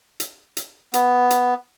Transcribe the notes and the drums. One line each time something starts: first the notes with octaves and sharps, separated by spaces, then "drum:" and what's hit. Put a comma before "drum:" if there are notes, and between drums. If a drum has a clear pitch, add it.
drum: hi-hat
drum: hi-hat
B3, drum: hi-hat
drum: hi-hat